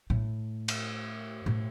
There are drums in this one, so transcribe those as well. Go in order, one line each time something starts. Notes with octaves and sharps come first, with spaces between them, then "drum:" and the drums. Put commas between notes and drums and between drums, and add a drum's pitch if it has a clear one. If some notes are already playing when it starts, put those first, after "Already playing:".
A2
drum: cymbal
A2